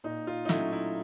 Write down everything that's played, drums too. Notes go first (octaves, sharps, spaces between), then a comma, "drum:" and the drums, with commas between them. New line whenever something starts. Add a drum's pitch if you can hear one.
A#2 D#4
F4
D#4
F#3 A3 C#4 E4, drum: snare
E4